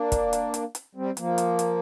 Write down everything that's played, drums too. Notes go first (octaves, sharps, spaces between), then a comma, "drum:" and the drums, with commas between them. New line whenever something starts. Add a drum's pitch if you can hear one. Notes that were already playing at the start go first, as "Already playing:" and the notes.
Already playing: A#3 D4
drum: kick, hi-hat
drum: hi-hat
drum: hi-hat
drum: hi-hat
G3 C4
F3 A#3, drum: hi-hat
drum: hi-hat
drum: hi-hat